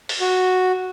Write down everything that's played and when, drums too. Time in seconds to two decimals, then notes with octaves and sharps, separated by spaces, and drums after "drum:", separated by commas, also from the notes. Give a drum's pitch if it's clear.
0.09 drum: open hi-hat
0.21 F#4